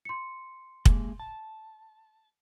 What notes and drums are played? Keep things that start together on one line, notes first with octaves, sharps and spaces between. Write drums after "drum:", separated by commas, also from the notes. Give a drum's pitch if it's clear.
C6 C#7
G#3 A#3, drum: kick
A5